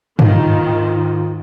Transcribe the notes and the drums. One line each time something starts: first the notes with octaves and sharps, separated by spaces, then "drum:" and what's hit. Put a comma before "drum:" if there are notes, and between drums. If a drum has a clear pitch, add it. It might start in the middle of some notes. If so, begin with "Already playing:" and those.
D#2 G#2 D#3 F4, drum: tom G2